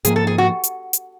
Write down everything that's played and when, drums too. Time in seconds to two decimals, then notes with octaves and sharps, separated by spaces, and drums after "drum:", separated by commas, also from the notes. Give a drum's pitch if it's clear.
0.05 G#2 F3 A#3 G#4, drum: hi-hat
0.16 A4
0.27 G#4
0.38 F#4
0.64 drum: hi-hat
0.93 drum: hi-hat